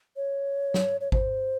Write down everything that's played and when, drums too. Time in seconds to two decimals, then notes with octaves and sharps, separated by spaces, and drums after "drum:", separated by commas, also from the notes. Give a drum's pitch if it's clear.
0.16 C#5
0.74 drum: snare
1.01 C#5
1.12 C5, drum: kick G#1